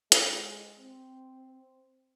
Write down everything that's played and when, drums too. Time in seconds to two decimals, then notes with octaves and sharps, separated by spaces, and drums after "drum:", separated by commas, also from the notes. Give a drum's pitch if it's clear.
0.12 G#3, drum: hi-hat
0.79 C4